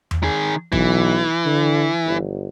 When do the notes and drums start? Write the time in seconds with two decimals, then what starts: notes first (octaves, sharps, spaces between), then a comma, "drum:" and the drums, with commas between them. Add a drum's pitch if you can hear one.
0.11 drum: tom E2
0.23 D#3 G#4
0.72 B1 E3, drum: kick G1
1.46 D3
2.06 G1